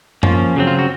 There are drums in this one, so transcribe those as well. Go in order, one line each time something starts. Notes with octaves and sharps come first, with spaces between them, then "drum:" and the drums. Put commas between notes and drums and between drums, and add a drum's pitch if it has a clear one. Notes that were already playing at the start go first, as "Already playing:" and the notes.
F3 A#3 C#4 F4, drum: tom F#2
C#3 F#3 C4
F4
F#4